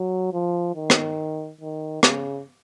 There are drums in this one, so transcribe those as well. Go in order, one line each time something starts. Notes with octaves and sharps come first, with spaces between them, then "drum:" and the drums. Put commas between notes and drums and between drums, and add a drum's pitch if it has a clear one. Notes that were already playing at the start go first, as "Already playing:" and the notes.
Already playing: F#3
F3
D#3
drum: rim click
D#3
C#3, drum: rim click